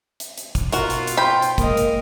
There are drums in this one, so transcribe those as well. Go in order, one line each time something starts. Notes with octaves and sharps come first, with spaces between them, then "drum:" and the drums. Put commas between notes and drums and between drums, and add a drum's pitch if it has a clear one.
drum: hi-hat
drum: hi-hat
drum: kick, hi-hat
B2 F4 F#4 A#4, drum: hi-hat
drum: hi-hat
drum: hi-hat
C5 G5 B5
drum: hi-hat
G#3 A#3 A#4 D#5, drum: kick, hi-hat
drum: hi-hat